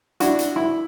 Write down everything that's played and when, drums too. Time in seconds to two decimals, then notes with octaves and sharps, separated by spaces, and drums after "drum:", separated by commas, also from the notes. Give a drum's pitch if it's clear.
0.20 D4 E4 F#4, drum: hi-hat
0.39 drum: hi-hat
0.56 E4